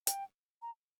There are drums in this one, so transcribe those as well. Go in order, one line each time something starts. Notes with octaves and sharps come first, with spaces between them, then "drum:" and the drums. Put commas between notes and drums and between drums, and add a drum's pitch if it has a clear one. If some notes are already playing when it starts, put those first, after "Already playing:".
G5, drum: hi-hat
A#5